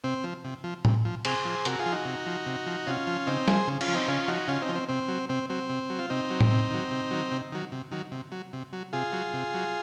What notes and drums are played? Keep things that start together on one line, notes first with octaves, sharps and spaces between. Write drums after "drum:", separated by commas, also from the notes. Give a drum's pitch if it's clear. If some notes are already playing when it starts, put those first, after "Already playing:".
C3 C4
F3
C3
F3
C3, drum: tom A2
F3
C3 G#4 C5, drum: cymbal
F3
C3 F#4 A#4, drum: hi-hat
F4 G#4
F3
D#4 F#4
C3
F3
C3
F3
C3 C#4 F4
F3
C#3 C4 D#4
F3 G#4 C5, drum: snare
C#3
C#4 F4, drum: cymbal
F3
C4 D#4
C#3 C#4 F4
F3 D#4 F#4
C#3 C#4 F4
C4 D#4
F3
C4
C3 C4
F#3
C3 C4
F#3 C4
C3
F#3
F4
C3 C4 D#4
F#3
drum: tom A2
C3
D#3 F#3
C3
D#3 F#3
C3
D#3 F#3
C3
D#3 F#3
C3
F#3
C3
F#3
C3 F4 G#4
F#3
C3
F#3